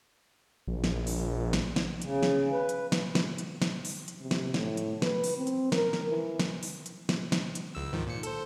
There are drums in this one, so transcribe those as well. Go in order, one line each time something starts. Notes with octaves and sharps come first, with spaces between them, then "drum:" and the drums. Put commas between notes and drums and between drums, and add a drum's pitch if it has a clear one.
A#1
drum: snare
drum: open hi-hat
drum: snare
drum: snare
C#3, drum: hi-hat
drum: snare
B4
drum: hi-hat
drum: snare
drum: snare
drum: hi-hat
drum: snare
drum: open hi-hat
drum: hi-hat
C3
drum: snare
A2, drum: snare
drum: hi-hat
B4, drum: snare
drum: open hi-hat
C4
drum: hi-hat
A#4, drum: snare
drum: snare
E3
drum: snare
drum: open hi-hat
drum: hi-hat
drum: snare
drum: snare
drum: hi-hat
C#2 E6
G#2 D#3 F3
A#2 C#7
A4 C5, drum: hi-hat